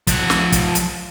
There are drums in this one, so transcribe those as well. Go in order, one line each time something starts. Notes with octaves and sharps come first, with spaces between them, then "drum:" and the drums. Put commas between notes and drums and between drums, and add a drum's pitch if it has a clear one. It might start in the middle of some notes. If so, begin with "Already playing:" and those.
F3 F#5, drum: kick, hi-hat
drum: snare
drum: kick, hi-hat
drum: hi-hat